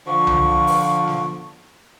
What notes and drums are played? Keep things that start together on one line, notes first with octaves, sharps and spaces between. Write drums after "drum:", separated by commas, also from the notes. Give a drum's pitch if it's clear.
D3 F3 C#6
drum: tom C2
drum: open hi-hat
drum: snare